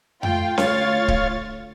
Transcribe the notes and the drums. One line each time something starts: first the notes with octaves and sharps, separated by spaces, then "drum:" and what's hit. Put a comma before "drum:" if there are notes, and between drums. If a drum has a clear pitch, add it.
A3 F4 G5, drum: tom F2
D2 F4 C#5 F5 A6, drum: snare C#4
drum: kick D1